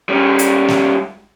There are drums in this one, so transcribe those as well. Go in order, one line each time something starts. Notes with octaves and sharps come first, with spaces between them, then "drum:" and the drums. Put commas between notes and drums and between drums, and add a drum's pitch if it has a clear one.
G3 C#4
drum: hi-hat
drum: snare